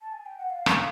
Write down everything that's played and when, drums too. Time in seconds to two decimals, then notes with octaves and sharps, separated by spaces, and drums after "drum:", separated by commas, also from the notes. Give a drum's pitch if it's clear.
0.00 A5
0.12 G#5
0.26 G5
0.38 F#5
0.50 F5
0.66 drum: rim click